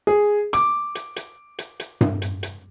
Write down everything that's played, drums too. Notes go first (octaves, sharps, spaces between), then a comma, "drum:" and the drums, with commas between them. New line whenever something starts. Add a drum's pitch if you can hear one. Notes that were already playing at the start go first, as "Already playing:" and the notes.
G#4
D6, drum: hi-hat
drum: hi-hat
drum: hi-hat
drum: hi-hat
drum: hi-hat
drum: tom G2
drum: hi-hat
drum: hi-hat